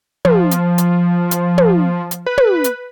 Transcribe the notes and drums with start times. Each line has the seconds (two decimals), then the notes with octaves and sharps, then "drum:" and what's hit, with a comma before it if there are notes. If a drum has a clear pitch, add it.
0.25 F3, drum: tom
0.51 drum: hi-hat
0.78 drum: hi-hat
1.31 drum: hi-hat
1.58 drum: tom
2.11 drum: hi-hat
2.26 B4
2.38 drum: tom
2.64 drum: hi-hat